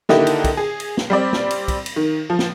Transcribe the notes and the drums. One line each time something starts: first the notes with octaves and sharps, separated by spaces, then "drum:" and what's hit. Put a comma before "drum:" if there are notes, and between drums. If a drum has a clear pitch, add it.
D3 D#3 A#3 D#4 E4 G4, drum: snare
drum: cymbal
drum: kick, cymbal
G#4
drum: cymbal
drum: snare
G3 C4 D5
drum: snare
drum: cymbal
drum: kick, cymbal
drum: cymbal
D#3
F3
drum: snare